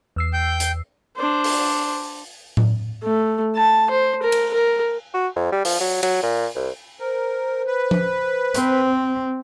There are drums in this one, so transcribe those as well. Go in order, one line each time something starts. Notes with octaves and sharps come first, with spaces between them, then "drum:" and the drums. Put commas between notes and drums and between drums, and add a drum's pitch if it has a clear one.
E2 E6 C7
G5 G6
drum: hi-hat
D4 C5
drum: open hi-hat
drum: tom A2
A3
A5
C5
A#4
drum: cymbal
A#4
F#4
F2
G3
F3, drum: open hi-hat
F#3
F#3, drum: cymbal
A#2
C2
A#4 C5
B4
drum: tom F3
C4, drum: hi-hat